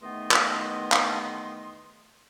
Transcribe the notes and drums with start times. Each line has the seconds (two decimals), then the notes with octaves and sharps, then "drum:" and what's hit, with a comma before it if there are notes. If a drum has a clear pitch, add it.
0.01 E2 D#3 A3 B3 D#5 C6
0.31 drum: clap
0.92 drum: clap